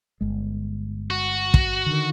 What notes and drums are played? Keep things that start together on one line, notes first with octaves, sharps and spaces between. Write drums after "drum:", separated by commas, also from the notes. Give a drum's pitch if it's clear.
G1 G#3
F#4
drum: kick
D3 D#3